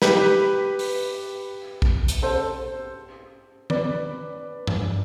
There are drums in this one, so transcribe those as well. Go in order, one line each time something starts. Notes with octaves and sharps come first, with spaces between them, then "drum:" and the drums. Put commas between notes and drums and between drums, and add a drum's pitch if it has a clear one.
G4 B4, drum: snare
drum: open hi-hat
drum: kick A#1
drum: hi-hat
A4 C5
B4 D5, drum: tom D#3
drum: tom G2